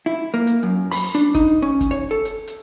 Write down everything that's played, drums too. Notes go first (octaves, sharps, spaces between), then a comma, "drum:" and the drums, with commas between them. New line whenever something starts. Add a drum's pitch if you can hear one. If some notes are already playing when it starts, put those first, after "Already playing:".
E4
A#3
drum: hi-hat
F#2
B5, drum: open hi-hat
D4, drum: hi-hat
D#4, drum: kick, hi-hat
C#4
drum: kick, hi-hat
C#5
A4
drum: hi-hat
drum: hi-hat